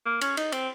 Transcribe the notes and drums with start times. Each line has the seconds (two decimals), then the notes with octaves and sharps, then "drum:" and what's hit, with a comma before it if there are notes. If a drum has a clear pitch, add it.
0.06 A#3
0.21 C#4, drum: cymbal
0.37 D#4, drum: cymbal
0.52 C4, drum: cymbal